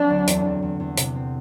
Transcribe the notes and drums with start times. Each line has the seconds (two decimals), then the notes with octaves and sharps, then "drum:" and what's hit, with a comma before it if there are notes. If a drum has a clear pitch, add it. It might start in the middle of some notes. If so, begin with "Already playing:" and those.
Already playing: F#3 C4 D4
0.10 D2
0.27 E2, drum: hi-hat
0.45 E2
0.62 E2
0.80 E2
0.97 C3, drum: hi-hat
1.15 C4